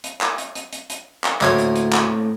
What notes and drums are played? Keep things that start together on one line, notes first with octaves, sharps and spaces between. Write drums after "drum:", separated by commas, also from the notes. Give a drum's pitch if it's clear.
drum: hi-hat
drum: clap
drum: hi-hat
drum: hi-hat
drum: hi-hat
drum: hi-hat
drum: clap
D2 A2 A#3 C4 C#5 D#6, drum: clap
drum: hi-hat
drum: hi-hat
drum: clap